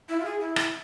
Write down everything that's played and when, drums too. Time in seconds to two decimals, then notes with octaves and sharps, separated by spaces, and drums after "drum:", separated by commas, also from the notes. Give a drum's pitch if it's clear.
0.09 E4
0.20 F4
0.25 G#4
0.40 E4
0.56 drum: rim click